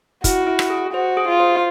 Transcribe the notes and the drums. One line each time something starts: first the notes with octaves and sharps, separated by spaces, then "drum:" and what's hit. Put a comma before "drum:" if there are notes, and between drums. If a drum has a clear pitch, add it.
E4 F#4, drum: kick, hi-hat
E4
drum: rim click
G#4
F#4 C5
G#4
F4
C5